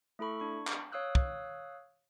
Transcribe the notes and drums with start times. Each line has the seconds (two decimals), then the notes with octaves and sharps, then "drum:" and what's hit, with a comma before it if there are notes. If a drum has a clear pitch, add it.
0.19 A3 E4 A4 B5 C#6
0.40 D4 C#6
0.67 drum: clap
0.92 C#5 F5 D#6 E6 F#6 G6
1.15 drum: kick